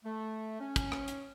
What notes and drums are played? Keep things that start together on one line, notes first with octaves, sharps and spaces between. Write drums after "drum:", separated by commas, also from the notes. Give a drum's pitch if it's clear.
A3
C#4
drum: kick, hi-hat
drum: rim click
drum: hi-hat